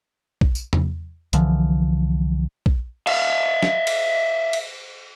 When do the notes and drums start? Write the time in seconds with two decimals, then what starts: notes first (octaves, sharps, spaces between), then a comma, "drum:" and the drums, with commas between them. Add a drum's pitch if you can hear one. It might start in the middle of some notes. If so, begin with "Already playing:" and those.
0.41 drum: kick B1
0.55 drum: tambourine
0.73 drum: tom
1.33 C2 D3 E3 F3, drum: hi-hat
2.66 drum: kick B1
3.07 E5 F5, drum: cymbal
3.63 drum: snare
3.87 drum: cymbal
4.53 drum: cymbal